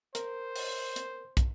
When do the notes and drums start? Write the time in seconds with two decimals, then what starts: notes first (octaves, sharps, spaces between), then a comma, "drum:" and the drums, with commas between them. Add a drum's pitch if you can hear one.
0.15 A#4 C5, drum: hi-hat
0.56 drum: open hi-hat
0.96 drum: hi-hat
1.37 drum: kick, hi-hat